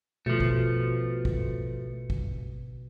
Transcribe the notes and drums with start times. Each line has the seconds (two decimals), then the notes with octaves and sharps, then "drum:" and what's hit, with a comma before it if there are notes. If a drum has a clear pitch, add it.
0.26 B2 F3 A3
0.40 drum: kick
1.25 drum: kick
2.10 drum: kick